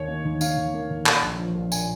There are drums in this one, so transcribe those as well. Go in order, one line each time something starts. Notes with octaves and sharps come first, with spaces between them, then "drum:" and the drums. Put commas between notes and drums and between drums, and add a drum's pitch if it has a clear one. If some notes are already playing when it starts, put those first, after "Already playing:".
Already playing: D#2 D#3 C#5
A#3
D#2
D#3 F5, drum: tambourine
D#2
A#3
D#2
A#2, drum: clap
A#1
F3
A#1
A#2 G#5, drum: tambourine